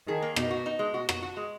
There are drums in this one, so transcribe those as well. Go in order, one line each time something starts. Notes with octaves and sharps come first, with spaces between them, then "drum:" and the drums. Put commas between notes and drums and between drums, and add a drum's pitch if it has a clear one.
D#3 G#4
A#3
B2 D#4, drum: rim click
F#4
D#4
G#3
B2 F#4
F#4, drum: rim click
F#4
G#3